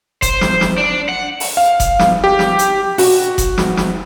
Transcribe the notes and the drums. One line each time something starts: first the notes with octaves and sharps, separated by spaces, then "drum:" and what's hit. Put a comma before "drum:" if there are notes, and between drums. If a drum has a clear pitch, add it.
C5, drum: kick F1, hi-hat
drum: snare
drum: snare
D4
F#5
drum: open hi-hat
F5
drum: kick F1, hi-hat
drum: snare
G4
drum: snare
drum: hi-hat
F#4, drum: open hi-hat
drum: kick F1, hi-hat
drum: snare
drum: snare